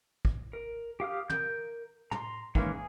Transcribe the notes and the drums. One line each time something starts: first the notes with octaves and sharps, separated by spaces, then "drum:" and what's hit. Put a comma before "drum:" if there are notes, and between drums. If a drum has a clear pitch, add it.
drum: kick
A#4
G4 F5 D#6 F6
A#4 G6, drum: tom
A#5 C6, drum: tom
D#3 E3 G#3 A#3 C#4, drum: kick
G#4